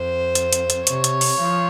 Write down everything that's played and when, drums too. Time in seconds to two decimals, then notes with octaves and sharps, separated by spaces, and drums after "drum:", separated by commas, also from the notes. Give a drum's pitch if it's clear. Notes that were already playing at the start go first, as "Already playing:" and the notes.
Already playing: F2 C5
0.35 drum: hi-hat
0.53 drum: hi-hat
0.70 drum: hi-hat
0.87 C3 C#5, drum: hi-hat
1.04 drum: hi-hat
1.21 drum: open hi-hat
1.39 F3